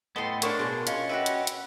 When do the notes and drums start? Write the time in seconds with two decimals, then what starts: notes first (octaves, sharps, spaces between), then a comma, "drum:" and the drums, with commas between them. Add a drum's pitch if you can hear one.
0.16 A2 B3 A4 D#5 G5 C6
0.42 A#3 D4 A#4 C5 C#5 D#5, drum: hi-hat
0.59 B2 G#4 C6
0.87 C#4 F4 D#5, drum: hi-hat
1.09 F#4 G4 B4 E5
1.26 drum: hi-hat
1.47 drum: hi-hat